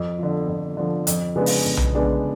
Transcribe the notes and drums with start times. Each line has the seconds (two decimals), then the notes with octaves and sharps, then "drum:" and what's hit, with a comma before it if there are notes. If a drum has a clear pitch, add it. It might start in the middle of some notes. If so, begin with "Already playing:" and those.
Already playing: F2
0.19 D3 F3
0.48 F2
0.77 D3 F3
1.07 F2, drum: hi-hat
1.36 C#3 G#3 B3 D4
1.46 drum: open hi-hat
1.65 F2
1.77 drum: tom B1
1.94 C#3 G#3 B3 D4